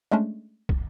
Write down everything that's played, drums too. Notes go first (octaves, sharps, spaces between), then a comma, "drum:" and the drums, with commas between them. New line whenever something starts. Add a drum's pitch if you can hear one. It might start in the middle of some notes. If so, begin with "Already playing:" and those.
G#3 A3 C#4 D4
drum: kick